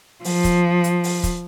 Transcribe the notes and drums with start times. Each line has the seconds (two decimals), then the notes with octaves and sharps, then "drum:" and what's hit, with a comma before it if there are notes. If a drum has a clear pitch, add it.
0.24 F3, drum: open hi-hat
0.44 drum: kick, hi-hat
0.84 drum: hi-hat
1.04 drum: open hi-hat
1.23 drum: kick, hi-hat